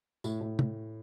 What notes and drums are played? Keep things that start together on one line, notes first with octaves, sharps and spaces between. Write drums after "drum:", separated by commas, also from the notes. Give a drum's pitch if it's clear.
A2, drum: tambourine
A2
drum: tom